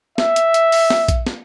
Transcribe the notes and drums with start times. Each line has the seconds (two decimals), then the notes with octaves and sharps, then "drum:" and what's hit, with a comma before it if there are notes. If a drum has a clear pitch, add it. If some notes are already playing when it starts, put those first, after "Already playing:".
0.18 E5, drum: snare
0.36 drum: hi-hat
0.54 drum: hi-hat
0.72 drum: open hi-hat
0.90 drum: snare
1.08 drum: kick A#1, hi-hat
1.27 drum: snare